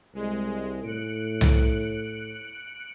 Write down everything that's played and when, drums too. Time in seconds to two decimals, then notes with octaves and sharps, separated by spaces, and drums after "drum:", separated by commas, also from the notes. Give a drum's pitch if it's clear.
0.15 C2 G#3
0.83 A2 F#6 C#7 D7
1.41 drum: tom C2